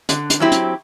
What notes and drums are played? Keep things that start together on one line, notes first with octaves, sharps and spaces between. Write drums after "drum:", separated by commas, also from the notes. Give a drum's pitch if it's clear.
D3, drum: hi-hat
drum: hi-hat
F#3 C4 E4 G4
drum: hi-hat